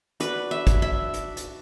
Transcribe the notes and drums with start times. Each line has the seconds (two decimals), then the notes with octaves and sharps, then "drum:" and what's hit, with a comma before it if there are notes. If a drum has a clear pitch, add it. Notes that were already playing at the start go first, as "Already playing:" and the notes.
0.20 D4 F#4 B4, drum: hi-hat
0.51 E5
0.67 drum: kick, hi-hat
0.82 E5
1.13 drum: hi-hat
1.37 drum: hi-hat